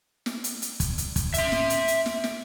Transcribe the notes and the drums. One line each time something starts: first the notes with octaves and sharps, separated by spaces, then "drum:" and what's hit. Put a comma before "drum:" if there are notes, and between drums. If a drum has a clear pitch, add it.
drum: snare
drum: hi-hat
drum: hi-hat
drum: kick, hi-hat
drum: hi-hat
drum: kick, hi-hat
E5 C6, drum: hi-hat
drum: snare
drum: hi-hat
drum: hi-hat
drum: snare
drum: snare